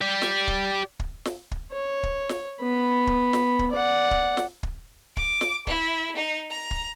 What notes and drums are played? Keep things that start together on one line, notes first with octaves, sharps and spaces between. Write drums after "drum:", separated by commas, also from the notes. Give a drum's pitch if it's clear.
G4 D5
drum: snare
drum: kick
drum: kick
drum: snare
drum: kick
C#5
drum: kick
drum: snare
B3 B5
drum: kick
drum: snare
drum: kick
D5 F#5
drum: kick
drum: snare
drum: kick
D6, drum: kick
drum: snare
E4, drum: kick
D#4
A#5
drum: kick